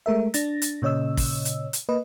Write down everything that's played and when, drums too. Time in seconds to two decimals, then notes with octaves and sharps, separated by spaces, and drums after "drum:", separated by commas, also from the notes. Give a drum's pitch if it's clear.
0.06 G#3 A3 A#4 E5
0.34 D4 A6 A#6, drum: hi-hat
0.62 drum: hi-hat
0.82 A#2 C#3 C#5 D#5 E6
1.17 drum: kick, open hi-hat
1.45 drum: hi-hat
1.73 drum: hi-hat
1.89 A#3 B4 D#5